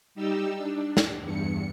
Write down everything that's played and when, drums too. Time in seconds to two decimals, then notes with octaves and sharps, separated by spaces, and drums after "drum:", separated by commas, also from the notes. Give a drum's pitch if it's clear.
0.15 G3 D#4 G4 E6
0.57 D4
0.97 drum: snare
1.22 E2 G2 C#7